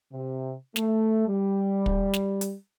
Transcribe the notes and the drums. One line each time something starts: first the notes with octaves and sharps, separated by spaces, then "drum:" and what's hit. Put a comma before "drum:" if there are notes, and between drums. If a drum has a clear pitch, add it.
C3
A3, drum: snare
G3
drum: kick
drum: snare
drum: hi-hat